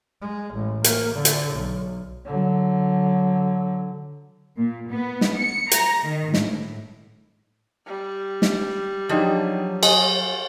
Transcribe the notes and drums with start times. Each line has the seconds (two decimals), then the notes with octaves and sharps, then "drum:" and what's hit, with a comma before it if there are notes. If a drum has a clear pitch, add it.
0.21 G#3
0.54 A1
0.84 A#3, drum: hi-hat
1.15 D3
1.25 drum: hi-hat
1.54 B1
2.25 D3 F#3
4.57 A#2
4.89 B3
5.21 drum: snare
5.38 C#7
5.71 A#5, drum: hi-hat
6.04 D#3
6.34 A2, drum: snare
7.87 G3
8.42 drum: snare
9.09 F3 F#3 D4 D#4 G4 G#4
9.83 D#5 G#5, drum: cymbal